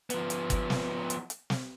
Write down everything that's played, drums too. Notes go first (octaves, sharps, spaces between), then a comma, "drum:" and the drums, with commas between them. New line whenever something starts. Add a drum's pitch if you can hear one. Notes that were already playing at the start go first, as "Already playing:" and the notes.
F3 B3, drum: hi-hat
drum: hi-hat
drum: kick, hi-hat
drum: snare
drum: hi-hat
drum: hi-hat
drum: snare